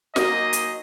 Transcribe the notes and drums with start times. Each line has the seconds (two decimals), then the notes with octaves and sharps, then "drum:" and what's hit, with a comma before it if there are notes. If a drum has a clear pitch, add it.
0.16 F#3 A#3 D#4 G#4 C5 D#5, drum: snare
0.53 drum: hi-hat